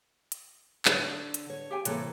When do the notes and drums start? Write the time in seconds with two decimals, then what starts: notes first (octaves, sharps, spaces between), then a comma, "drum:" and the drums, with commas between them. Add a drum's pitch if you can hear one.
0.32 drum: hi-hat
0.85 D3 C5 C#5, drum: clap
1.34 drum: hi-hat
1.50 C#5
1.71 G4 G5 G#5
1.85 C3 E3 A#3 A4 B4 C#5, drum: hi-hat